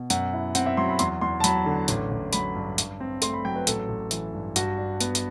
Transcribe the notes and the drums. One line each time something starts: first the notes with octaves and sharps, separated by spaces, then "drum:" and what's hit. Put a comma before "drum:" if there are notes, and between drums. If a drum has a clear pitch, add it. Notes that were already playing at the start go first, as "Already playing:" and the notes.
Already playing: B2
F#2 F#5, drum: hi-hat
E4
C4 F#5, drum: hi-hat
E5
F#3 C6
B5
E2 C6, drum: hi-hat
E2 C6
A5
F#3 B5, drum: hi-hat
D3
A1, drum: hi-hat
A1
F#3 B5, drum: hi-hat
G2
G2, drum: hi-hat
C4
A3 C6, drum: hi-hat
B5
F#3 G5
B4
A1 A4, drum: hi-hat
A1
E3, drum: hi-hat
G2
G2 F#4, drum: hi-hat
D4
B3, drum: hi-hat
drum: hi-hat